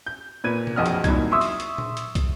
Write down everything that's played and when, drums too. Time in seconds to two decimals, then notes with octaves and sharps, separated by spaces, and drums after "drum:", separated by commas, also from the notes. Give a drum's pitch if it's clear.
0.06 G6
0.44 A#2 B4 G#6 D#7
0.67 drum: tom B2
0.76 A#1 F2 F#3 D#5 F#5 F6
0.86 drum: hi-hat
1.04 C2 A#2 F#3 D#4 G#6, drum: kick, hi-hat
1.31 E5 C6 C#6 D#6 E6
1.41 drum: open hi-hat
1.60 drum: hi-hat
1.78 drum: tom A#2
1.97 drum: hi-hat
2.15 drum: kick, hi-hat